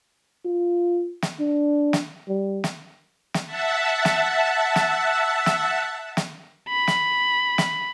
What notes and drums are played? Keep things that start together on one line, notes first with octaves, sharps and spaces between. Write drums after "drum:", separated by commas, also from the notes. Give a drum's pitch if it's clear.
F4
drum: snare
D4
drum: snare
G3
drum: snare
drum: snare
E5 F#5 A5
drum: snare
drum: snare
drum: snare
drum: snare
B5
drum: snare
drum: snare